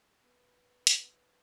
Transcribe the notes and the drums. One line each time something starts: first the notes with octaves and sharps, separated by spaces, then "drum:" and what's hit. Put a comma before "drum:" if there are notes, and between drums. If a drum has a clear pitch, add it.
B3
drum: hi-hat